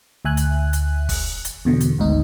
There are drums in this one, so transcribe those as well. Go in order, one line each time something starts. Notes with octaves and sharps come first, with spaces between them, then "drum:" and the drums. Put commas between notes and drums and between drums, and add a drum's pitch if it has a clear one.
D2 E5 G#5 F#6
drum: hi-hat
drum: hi-hat
drum: kick, open hi-hat
drum: hi-hat
E2 B2 D3
drum: hi-hat
G#1 D2 G#2 D#4